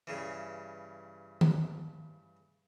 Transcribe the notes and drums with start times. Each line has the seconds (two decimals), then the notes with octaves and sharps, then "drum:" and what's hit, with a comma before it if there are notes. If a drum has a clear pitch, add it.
0.07 G2 C#3 E3
1.41 drum: tom D#3